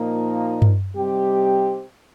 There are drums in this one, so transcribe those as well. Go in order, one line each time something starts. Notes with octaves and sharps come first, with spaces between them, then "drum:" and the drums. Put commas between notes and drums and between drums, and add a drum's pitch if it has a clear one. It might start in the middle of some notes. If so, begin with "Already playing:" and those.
Already playing: A#2 F3 A#3 D#4
drum: tom G2
C3 G3 C4 D#4 G4